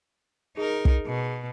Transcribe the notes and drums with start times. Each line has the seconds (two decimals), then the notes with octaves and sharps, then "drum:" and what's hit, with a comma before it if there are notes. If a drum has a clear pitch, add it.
0.57 D#4 G#4 A#4
0.85 drum: kick
1.06 B2